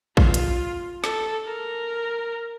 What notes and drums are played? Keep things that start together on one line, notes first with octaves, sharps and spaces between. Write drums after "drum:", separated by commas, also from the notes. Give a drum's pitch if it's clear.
F4, drum: kick
drum: hi-hat
A4, drum: snare
A#4